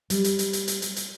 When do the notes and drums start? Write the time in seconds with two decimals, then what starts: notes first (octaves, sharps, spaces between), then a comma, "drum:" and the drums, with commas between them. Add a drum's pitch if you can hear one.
0.10 G3, drum: hi-hat
0.24 drum: hi-hat
0.39 drum: hi-hat
0.53 drum: hi-hat
0.68 drum: hi-hat
0.82 drum: hi-hat
0.96 drum: hi-hat